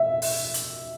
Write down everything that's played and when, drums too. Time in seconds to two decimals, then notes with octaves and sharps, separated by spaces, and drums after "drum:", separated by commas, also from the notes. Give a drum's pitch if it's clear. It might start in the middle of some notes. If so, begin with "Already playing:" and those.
Already playing: E5
0.22 drum: open hi-hat
0.54 drum: hi-hat